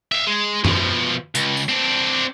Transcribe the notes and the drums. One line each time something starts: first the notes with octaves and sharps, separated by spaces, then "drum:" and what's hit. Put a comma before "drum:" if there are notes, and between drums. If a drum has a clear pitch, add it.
E5 F5
G#3
B2 F3, drum: tom F#2
C#2, drum: hi-hat
drum: tambourine
C4 D4